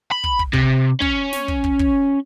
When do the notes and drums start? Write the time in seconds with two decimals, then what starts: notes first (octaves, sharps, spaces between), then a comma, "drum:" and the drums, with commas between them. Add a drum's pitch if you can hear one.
0.11 B5
0.24 drum: kick
0.39 drum: kick
0.53 C3, drum: kick
1.01 C#4, drum: kick
1.33 drum: snare
1.48 drum: kick
1.64 drum: kick
1.79 drum: kick